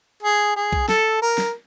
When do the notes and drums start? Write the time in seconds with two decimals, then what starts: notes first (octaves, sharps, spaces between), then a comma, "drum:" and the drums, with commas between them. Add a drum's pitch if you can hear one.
0.23 G#4
0.56 G#4
0.72 drum: kick B1
0.89 A4, drum: snare
1.22 A#4
1.38 drum: snare